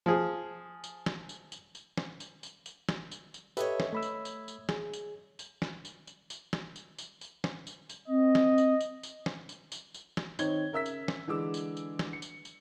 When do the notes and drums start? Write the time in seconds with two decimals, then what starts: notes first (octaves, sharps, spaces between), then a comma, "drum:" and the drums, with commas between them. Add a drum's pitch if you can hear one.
0.06 F3 G#4
0.84 drum: tambourine
1.06 drum: snare
1.29 drum: tambourine
1.52 drum: tambourine
1.75 drum: tambourine
1.97 drum: snare
2.20 drum: tambourine
2.43 drum: tambourine
2.66 drum: tambourine
2.89 drum: snare
3.11 drum: tambourine
3.34 drum: tambourine
3.57 G4 A4 B4 C#5 D#5 E5, drum: tambourine
3.80 drum: snare
3.93 A3 B5 E6
4.02 drum: tambourine
4.25 drum: tambourine
4.48 drum: tambourine
4.69 G#4, drum: snare
4.93 drum: tambourine
5.39 drum: tambourine
5.62 drum: snare
5.85 drum: tambourine
6.07 drum: tambourine
6.30 drum: tambourine
6.53 drum: snare
6.76 drum: tambourine
6.98 drum: tambourine
7.21 drum: tambourine
7.44 drum: snare
7.67 drum: tambourine
7.90 drum: tambourine
8.08 C4 D#5
8.35 drum: snare
8.58 drum: tambourine
8.81 drum: tambourine
9.03 drum: tambourine
9.26 drum: snare
9.49 drum: tambourine
9.72 drum: tambourine
9.94 drum: tambourine
10.17 drum: snare
10.39 D#3 C4 D#4 C#5 G#6 G7, drum: tambourine
10.72 C#3 A#4 E5 E6 B6
10.86 drum: tambourine
11.08 drum: snare
11.27 D3 E3 G#3 D6 E6
11.54 drum: tambourine
11.77 drum: tambourine
11.99 drum: snare
12.13 C#7
12.22 drum: tambourine
12.45 drum: tambourine